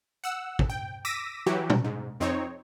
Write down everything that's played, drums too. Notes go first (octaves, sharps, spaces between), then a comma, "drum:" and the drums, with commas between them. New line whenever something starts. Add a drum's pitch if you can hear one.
F#5 E6
drum: kick
G5
D6 E6 A#6 B6 D#7
E3 F#3 F#4 G4
drum: tom A#2
G#2
F2 C4 D#4 C#5